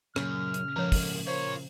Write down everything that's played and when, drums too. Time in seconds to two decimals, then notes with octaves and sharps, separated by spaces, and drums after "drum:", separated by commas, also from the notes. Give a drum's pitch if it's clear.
0.16 F#2 A#2 C#3 F6, drum: rim click
0.54 drum: hi-hat
0.76 G#2 F3 A#3 C#5
0.92 drum: kick, open hi-hat
1.27 F4 A#4 C5 C#5